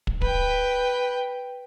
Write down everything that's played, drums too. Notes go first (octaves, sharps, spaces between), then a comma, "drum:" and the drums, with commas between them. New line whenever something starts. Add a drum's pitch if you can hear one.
drum: kick
B4 G5, drum: kick